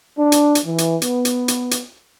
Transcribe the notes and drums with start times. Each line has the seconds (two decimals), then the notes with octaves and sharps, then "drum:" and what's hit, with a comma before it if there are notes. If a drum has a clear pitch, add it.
0.17 D4
0.32 drum: hi-hat
0.55 drum: hi-hat
0.66 E3
0.78 drum: hi-hat
1.02 B3, drum: hi-hat
1.25 drum: hi-hat
1.48 drum: hi-hat
1.71 drum: hi-hat